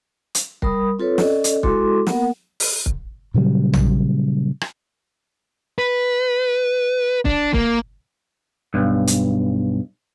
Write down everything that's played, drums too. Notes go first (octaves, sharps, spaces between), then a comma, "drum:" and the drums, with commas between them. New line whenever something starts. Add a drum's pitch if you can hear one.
drum: hi-hat
G3 A#4 B5 D#6, drum: kick
C4 F4 A4 B4 C#5
C#4 A4 D5 D#5, drum: snare
drum: hi-hat
G#3 E4 F#4 A4 C6 D6, drum: kick
A#3 B3 A#4 F#5, drum: snare
drum: open hi-hat
drum: kick
A#2 C#3 F#3 G3
drum: tom A#1
drum: rim click
B4
D4, drum: kick
A#3, drum: kick
B1 G2
drum: hi-hat